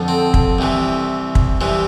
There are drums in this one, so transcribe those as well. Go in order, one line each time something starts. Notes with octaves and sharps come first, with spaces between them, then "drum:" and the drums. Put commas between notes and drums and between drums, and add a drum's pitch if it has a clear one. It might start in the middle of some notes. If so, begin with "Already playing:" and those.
Already playing: F2 D3 F3
C4
drum: kick
C2 C3 E3
drum: kick
C2 C3 E3